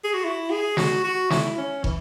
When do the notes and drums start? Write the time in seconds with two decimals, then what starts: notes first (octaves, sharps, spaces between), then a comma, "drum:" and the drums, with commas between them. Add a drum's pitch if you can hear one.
0.04 G#4
0.14 F#4
0.25 E4
0.50 G#4
0.77 F#4, drum: snare
1.04 F#4
1.30 E4, drum: snare
1.58 C#4
1.84 E3, drum: kick